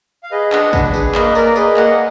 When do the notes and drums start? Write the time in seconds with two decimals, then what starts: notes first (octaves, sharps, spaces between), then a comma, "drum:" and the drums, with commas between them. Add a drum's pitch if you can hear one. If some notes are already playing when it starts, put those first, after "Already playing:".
0.23 F5
0.31 G#4 B4 D#5
0.52 D4 D#5 F#5, drum: clap
0.73 D4 B4, drum: kick, tambourine
0.94 G#4 B4, drum: tambourine
1.15 A#3 B4 D#5, drum: clap
1.35 A#3 A#4 D5, drum: tambourine
1.56 G#4 B4 D#5, drum: tambourine
1.77 A#3 D#5 F#5, drum: clap